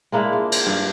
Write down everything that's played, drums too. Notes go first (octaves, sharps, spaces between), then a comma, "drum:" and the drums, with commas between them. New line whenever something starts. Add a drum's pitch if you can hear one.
G#3 A#3 D4 E4
F4
drum: cymbal
G2